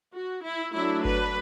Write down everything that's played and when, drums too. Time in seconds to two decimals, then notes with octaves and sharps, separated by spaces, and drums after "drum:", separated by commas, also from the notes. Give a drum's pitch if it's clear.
0.13 F#4
0.44 E4
0.74 F#3 A3 D4 E4
1.05 B4, drum: kick G1